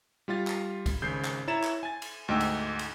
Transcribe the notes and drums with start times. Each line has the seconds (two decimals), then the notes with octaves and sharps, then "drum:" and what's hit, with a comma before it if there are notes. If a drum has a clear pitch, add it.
0.28 G3 F4 F5 A6
0.47 drum: clap
0.86 drum: kick, cymbal
1.02 G#1 C#3 G6 C7
1.25 drum: clap
1.48 E4 C#5 A#5 A6 E7
1.63 drum: clap
1.83 G#5 A6
2.02 drum: cymbal
2.28 D2 G#2 D#5 G5 E6
2.41 drum: cymbal
2.79 drum: cymbal